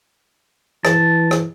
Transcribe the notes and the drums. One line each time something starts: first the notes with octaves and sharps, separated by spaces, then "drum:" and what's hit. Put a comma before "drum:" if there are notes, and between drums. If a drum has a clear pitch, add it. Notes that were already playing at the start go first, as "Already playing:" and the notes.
E3 A5, drum: rim click
drum: rim click